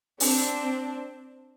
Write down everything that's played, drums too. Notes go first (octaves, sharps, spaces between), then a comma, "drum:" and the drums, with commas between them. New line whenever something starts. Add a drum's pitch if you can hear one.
C4 D4, drum: open hi-hat